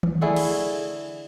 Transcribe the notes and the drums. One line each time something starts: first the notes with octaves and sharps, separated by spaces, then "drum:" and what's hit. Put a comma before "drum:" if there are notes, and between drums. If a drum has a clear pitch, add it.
drum: tom D#3
D3 A3 E4 G#4
drum: cymbal